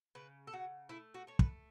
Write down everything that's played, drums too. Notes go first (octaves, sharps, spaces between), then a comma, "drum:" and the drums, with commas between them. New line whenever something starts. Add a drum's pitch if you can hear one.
C#3 B4
A4
C#3 F#4
A3 E4
F#4
A3 C#5
B4, drum: kick